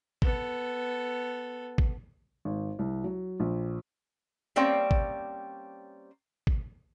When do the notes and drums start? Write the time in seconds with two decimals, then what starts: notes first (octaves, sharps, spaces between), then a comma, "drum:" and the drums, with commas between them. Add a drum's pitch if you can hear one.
0.22 B3 A4, drum: kick G#1
1.78 drum: kick G#1
2.45 G#1
2.79 C2
3.04 F#3
3.40 A#1
4.56 G3 A#3 C4 C#4 D5 G5
4.91 drum: kick G#1
6.47 drum: kick G#1